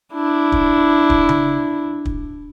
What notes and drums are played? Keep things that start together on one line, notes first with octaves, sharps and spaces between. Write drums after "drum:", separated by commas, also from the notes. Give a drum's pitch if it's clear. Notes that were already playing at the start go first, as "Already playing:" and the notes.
D4 E4
drum: kick
drum: kick
drum: tom C#3
drum: kick